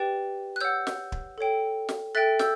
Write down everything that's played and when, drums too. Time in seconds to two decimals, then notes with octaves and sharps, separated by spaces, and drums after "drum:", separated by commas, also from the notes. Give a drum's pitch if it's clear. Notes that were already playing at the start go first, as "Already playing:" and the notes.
Already playing: G4 B4 D5 G5
0.56 F#6
0.61 C#5 F#5 E6 G6
0.87 drum: snare
1.12 drum: kick
1.38 A4 C#5 G5
1.89 drum: snare
2.15 A4 E5 G5 F#6 A6
2.39 E6 G6, drum: snare